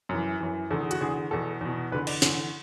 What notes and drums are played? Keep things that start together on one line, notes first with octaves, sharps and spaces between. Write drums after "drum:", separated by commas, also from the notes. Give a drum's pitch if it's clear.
F#2 E3
F#2 E3
E2 D3 A4
G#4
F#4, drum: hi-hat
E2 D3 G#4
E2 B2 A4
E2 B2
E2 D3 B4
D5, drum: cymbal
E2 D3, drum: snare